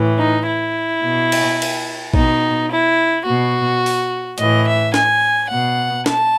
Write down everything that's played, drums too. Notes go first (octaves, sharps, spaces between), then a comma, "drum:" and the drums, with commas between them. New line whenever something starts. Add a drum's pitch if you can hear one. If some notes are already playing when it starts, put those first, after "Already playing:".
Already playing: A2 E3
D#4
E4
B2
drum: cymbal
drum: cymbal
B2 D#4, drum: kick A1
E4
B2 F#4
drum: open hi-hat
A2 E3 D#5, drum: hi-hat
E5
G#5, drum: snare
B2 F#5
A5, drum: snare